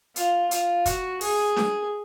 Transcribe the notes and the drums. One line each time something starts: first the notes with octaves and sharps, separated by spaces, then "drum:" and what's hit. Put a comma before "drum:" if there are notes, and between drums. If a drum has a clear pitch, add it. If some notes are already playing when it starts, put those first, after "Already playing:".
F4, drum: hi-hat
F4, drum: hi-hat
F#4, drum: kick, hi-hat
G#4, drum: open hi-hat
drum: snare D4